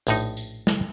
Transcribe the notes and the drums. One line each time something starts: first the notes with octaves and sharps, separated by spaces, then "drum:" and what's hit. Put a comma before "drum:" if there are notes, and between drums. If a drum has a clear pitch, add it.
A#1 A2 D#4, drum: tambourine
drum: tambourine
drum: snare